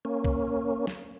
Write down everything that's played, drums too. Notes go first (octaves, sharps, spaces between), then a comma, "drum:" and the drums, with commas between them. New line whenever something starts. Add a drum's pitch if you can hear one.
A#3 C#4
drum: kick C2
drum: snare